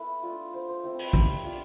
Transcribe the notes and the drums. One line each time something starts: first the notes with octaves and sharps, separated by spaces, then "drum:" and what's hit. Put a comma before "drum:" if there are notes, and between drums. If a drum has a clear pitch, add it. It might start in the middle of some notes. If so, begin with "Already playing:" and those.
Already playing: B3 E4 A4 B4
A3 D4 F4
C5
C5
A3 C4 E4 C5
B4, drum: open hi-hat
G4, drum: kick
B3 D4 F4